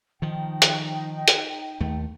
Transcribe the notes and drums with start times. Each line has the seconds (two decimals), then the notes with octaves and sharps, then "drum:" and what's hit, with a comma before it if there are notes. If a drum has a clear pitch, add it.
0.22 D#3 F3 D#4 G5
0.62 drum: hi-hat
1.28 drum: hi-hat
1.80 D#2 A3